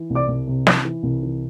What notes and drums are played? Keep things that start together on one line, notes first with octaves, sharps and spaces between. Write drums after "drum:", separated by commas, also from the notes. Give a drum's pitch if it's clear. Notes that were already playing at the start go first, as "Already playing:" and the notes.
Already playing: E3
C2
D5 D6
C2
C3
E3, drum: snare
E3
C2
E3